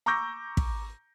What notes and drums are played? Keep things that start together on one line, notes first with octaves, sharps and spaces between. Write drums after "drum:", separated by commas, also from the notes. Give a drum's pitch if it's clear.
A#5 C#6 D6 E6 G6 A#6
drum: kick